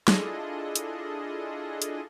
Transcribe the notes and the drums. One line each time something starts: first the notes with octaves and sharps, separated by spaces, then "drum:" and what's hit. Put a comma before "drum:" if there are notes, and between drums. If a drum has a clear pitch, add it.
D4 E4 F4 G#4 A4 D#5, drum: snare
drum: hi-hat
drum: hi-hat